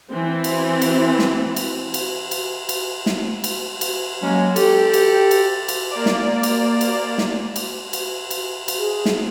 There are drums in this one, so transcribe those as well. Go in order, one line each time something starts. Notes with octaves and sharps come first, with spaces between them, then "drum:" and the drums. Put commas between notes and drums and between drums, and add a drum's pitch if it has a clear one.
E3 C4
drum: cymbal
drum: cymbal
drum: snare
drum: cymbal
drum: cymbal
drum: cymbal
drum: cymbal
drum: snare
drum: cymbal
drum: cymbal
F#3 G#3 A#3 C#4
G4 A4, drum: cymbal
drum: cymbal
drum: cymbal
drum: cymbal
A#3 D5
drum: snare
drum: cymbal
drum: cymbal
drum: snare
drum: cymbal
drum: cymbal
drum: cymbal
drum: cymbal
G#4
drum: snare